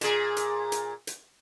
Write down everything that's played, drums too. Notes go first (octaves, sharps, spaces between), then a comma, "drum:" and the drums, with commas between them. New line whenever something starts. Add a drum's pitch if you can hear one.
A#2 G#4, drum: hi-hat
drum: hi-hat
drum: hi-hat
drum: hi-hat